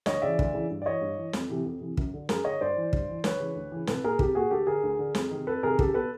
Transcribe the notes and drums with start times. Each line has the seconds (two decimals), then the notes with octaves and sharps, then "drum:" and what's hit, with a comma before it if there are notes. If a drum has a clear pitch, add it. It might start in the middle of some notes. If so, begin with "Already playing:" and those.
0.06 D2 C#5 D#5, drum: snare
0.22 C#3 E3 D5 E5
0.39 D2, drum: kick
0.54 C#3 E3
0.71 G2
0.82 D5
0.86 E3 C#5 D#5
1.01 G2
1.17 E3
1.33 F2, drum: snare
1.49 C3 E3
1.66 F2
1.81 C3 E3
1.97 F#2, drum: kick
2.14 D3
2.29 F#2 G#4 A#4, drum: snare
2.44 D3 C#5 D#5
2.60 G2 C5 D5
2.77 E3
2.93 G2, drum: kick
3.09 E3
3.24 D2 B4 C#5, drum: snare
3.40 C#3 E3
3.56 D2
3.72 C#3 E3
3.87 C2 A4 B4, drum: snare
4.04 A#2 G#4 A#4
4.19 C2 G4 A4, drum: kick
4.35 A#2 F#4 G#4
4.51 D2 G4 A4
4.67 D3 G#4 A#4
4.83 D2
4.99 D3
5.15 F2, drum: snare
5.31 C3 D#3
5.47 F2 A4 B4
5.63 C3 D#3 G#4 A#4
5.79 C#2 G4 A4, drum: kick
5.94 B2 A4 B4